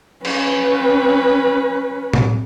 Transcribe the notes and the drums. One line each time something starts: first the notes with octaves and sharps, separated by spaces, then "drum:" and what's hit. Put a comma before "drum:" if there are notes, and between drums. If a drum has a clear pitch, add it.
C#4 B4, drum: cymbal
drum: tom A2